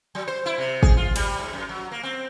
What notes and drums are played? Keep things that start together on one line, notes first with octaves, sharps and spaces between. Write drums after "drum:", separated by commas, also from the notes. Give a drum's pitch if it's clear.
F#3
C5
E4
C3
G#4, drum: kick
F4
G3, drum: cymbal
G#2
F#2
F#3
A#3
C4